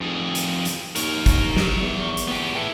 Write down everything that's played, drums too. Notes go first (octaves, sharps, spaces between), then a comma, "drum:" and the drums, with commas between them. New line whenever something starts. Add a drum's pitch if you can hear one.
F1 F2 G#4
drum: hi-hat
drum: hi-hat
D#2 A#4 C#5, drum: hi-hat
drum: kick, hi-hat
drum: snare
E2
drum: hi-hat
B3 G4
E4 A4